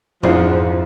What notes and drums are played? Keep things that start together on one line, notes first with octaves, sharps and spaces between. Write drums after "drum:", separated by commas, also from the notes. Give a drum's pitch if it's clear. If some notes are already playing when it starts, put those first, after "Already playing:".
F2 G#2 F3 D4 E4 D5 E5 F#5, drum: tom G#2